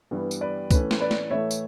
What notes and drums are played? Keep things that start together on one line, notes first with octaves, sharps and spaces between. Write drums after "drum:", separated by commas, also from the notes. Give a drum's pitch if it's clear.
G2 E3 G3 B3
drum: tambourine
B4 D5
A2 E3 A3 C#4 B4, drum: kick C2, tambourine
drum: snare
B4 D5
drum: snare
A2 E3 A3 C#5 E5
drum: tambourine